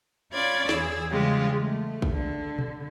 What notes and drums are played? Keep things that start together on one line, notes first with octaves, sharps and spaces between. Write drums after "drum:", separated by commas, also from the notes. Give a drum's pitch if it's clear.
C#4 F4 C#5 D5 B5 G#6
E2 G#4 E6, drum: snare
C#3 E3 G3 G#3 F4 G4
A3
drum: kick
D3
drum: tom B2